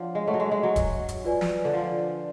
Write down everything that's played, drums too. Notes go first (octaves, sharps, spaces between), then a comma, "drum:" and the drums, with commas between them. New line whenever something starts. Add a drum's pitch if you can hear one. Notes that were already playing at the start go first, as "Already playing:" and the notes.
Already playing: F3 D4 C#5 F#5
G#3
A3 C#5 F#5 C#6
F#3
G#3
G#3
F#3
drum: kick D#1, hi-hat
drum: hi-hat
F4 B4 D5 G#5
drum: snare
D3
F3